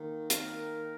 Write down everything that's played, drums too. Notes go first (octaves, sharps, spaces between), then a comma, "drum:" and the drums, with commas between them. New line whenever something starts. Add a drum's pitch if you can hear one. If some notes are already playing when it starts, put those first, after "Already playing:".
Already playing: D#3 A#3
A#4, drum: hi-hat